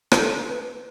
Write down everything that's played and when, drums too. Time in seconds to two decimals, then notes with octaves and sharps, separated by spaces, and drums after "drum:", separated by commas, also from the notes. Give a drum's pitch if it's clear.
0.12 B4, drum: rim click
0.19 A4
0.50 B4